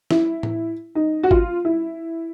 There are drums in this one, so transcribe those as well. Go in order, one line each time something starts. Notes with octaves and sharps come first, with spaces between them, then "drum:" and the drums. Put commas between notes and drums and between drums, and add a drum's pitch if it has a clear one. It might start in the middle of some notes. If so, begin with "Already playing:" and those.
E4, drum: snare
drum: tom A2
D#4
F#4
F4, drum: kick G#1
E4